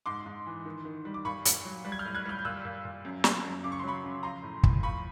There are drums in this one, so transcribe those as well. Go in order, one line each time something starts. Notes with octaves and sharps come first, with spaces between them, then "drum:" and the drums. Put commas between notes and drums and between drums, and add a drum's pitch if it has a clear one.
G#2 C6 D6
G#2
E3
D#3
D#3
G3
D6
A#2 B5 C#6
A#2, drum: hi-hat
F#3
G3
G#6
F6 G6
A2
F#6 G#6
G3 F6 G6
G6
A#2 E6 F#6
A#2
A#2
F#2
F#2, drum: snare
F#2
C#3 D6
C#6
C6
F#3 B5 C#6
C#3
F3 A#5 C6
A2
A2, drum: kick
F3 B5 C#6